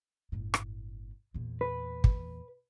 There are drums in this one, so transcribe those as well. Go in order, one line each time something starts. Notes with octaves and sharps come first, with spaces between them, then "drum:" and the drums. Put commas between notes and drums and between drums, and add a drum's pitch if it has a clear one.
G1 A2
drum: rim click
E2 A#2
B4
drum: kick